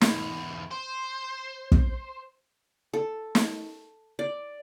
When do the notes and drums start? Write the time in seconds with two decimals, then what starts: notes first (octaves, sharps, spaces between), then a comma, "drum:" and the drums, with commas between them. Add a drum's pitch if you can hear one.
0.01 E2 G#2, drum: snare
0.71 C5
1.72 drum: kick
2.93 A4
3.35 drum: snare
4.19 D5